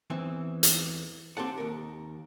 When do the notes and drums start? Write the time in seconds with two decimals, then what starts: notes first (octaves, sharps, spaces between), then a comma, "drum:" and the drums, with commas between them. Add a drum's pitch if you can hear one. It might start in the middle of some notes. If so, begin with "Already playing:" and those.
0.10 E2 E3 C4
0.63 drum: hi-hat
1.37 C4 G4 A4 F#5
1.58 D#2 A#4